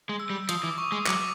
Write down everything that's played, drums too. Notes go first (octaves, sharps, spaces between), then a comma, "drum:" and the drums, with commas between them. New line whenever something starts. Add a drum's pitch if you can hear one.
G#3
E6
G3
F3 D#6, drum: hi-hat
E3 D6
C#6
G#3 D#6
F#3 D6, drum: clap